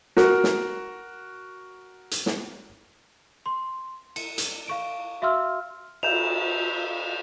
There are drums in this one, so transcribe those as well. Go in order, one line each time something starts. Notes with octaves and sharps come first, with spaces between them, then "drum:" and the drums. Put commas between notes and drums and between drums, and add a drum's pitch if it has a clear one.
F#4 A#4, drum: snare
drum: snare
drum: hi-hat
drum: snare
C6
C#7, drum: cymbal
drum: hi-hat
F5 C#6 D7
F#4 E5 F5 C6 E6 F6
G6 E7 F7, drum: cymbal